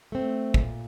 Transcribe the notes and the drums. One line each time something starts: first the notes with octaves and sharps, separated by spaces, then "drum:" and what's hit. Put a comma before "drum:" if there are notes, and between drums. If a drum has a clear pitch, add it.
A3 C4
A#2, drum: kick